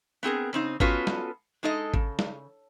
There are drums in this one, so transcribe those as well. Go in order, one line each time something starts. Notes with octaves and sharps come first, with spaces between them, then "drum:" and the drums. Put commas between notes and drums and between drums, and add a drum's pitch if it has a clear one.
B3 C4 G#4 A#4
C#3 C4 D#4
B3 C#4 F4 F#4 A4 B4, drum: kick G#1
drum: snare
G#3 D#4 A4 D#5
C#3, drum: kick G#1
drum: snare